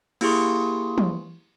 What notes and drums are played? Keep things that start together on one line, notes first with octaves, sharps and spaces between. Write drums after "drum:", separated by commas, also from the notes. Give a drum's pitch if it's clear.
A#3 E4 G4 G#4 C6 C#6, drum: cymbal
drum: tom